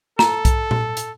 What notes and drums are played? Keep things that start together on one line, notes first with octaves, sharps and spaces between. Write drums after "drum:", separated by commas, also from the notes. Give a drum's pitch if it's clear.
A4 A#5, drum: snare
drum: kick B1, hi-hat
drum: tom A#2
drum: hi-hat